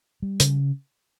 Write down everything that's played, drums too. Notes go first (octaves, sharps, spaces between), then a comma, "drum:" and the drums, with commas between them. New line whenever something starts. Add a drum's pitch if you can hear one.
G3
C#3, drum: hi-hat